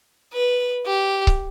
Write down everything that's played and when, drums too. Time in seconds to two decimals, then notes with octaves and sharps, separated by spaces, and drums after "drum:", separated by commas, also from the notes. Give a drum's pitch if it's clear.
0.33 B4
0.86 G4
1.27 drum: kick C#1